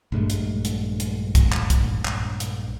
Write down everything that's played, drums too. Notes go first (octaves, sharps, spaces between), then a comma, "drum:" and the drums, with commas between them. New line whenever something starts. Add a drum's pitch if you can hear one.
A#1 G2 G#3 A3
drum: hi-hat
drum: hi-hat
drum: hi-hat
drum: kick, hi-hat
drum: clap
drum: kick, hi-hat
drum: clap
drum: hi-hat